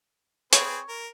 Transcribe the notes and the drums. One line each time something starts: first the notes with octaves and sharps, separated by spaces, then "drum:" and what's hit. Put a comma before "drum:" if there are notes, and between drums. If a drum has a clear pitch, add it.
C4 G#4 B4 C#5, drum: hi-hat
A#4